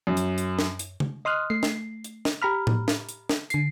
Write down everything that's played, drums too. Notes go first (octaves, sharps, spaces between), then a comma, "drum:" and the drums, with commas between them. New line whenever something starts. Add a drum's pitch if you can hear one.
F#2
drum: hi-hat
drum: hi-hat
drum: snare
drum: hi-hat
drum: tom C#3
D#5 C6 D#6 F6 F#6
A3 C7
drum: snare
drum: hi-hat
drum: snare
G4 A#5 B5 F6
drum: tom A2
drum: snare
drum: hi-hat
drum: snare
D3 C7, drum: hi-hat